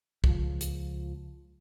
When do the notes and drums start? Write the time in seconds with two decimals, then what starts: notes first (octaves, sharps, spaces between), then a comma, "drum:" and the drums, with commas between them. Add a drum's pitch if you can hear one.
0.24 C#2 F3, drum: kick
0.61 drum: hi-hat